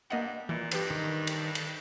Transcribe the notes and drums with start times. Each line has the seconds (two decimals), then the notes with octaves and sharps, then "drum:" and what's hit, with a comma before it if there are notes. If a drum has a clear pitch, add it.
0.10 G2 A#3 D#5 F#5
0.49 A#2 E3
0.71 G2 G4 B4 G5, drum: cymbal
0.90 D#3
1.27 drum: cymbal
1.55 drum: cymbal